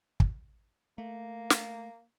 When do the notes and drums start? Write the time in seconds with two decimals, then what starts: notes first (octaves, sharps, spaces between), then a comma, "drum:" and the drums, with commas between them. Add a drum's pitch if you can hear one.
0.20 drum: kick
0.98 A3 A#3
1.50 drum: snare